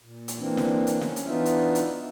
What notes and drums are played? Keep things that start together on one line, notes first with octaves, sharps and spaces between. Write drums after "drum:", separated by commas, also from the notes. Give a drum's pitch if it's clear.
A#2
drum: hi-hat
E3 A#3 C4 D4
drum: snare
drum: hi-hat
C#4, drum: snare
drum: hi-hat
E3 B3 D4 D#4 F4 E5
drum: hi-hat
drum: hi-hat